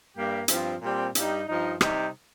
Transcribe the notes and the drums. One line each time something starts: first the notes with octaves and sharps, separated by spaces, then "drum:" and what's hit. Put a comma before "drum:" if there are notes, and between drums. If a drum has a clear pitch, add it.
G2 G3 A#3 G4
G2 F3 C4 F4, drum: hi-hat
A#2 G3 C4 G4
G2 G3 D#4, drum: hi-hat
G2 F3 D#4
C3 G3 D#4 G4, drum: rim click